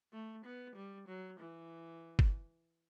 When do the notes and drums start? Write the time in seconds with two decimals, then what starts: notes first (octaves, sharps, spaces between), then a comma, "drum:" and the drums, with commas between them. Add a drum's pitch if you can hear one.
0.13 A3
0.45 B3
0.76 G3
1.08 F#3
1.40 E3
2.19 drum: kick G1